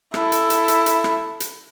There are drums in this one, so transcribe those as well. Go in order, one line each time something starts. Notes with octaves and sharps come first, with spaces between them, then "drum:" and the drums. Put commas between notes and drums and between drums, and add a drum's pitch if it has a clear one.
E4 A4, drum: rim click
drum: hi-hat
drum: hi-hat
drum: hi-hat
drum: hi-hat
drum: rim click
drum: hi-hat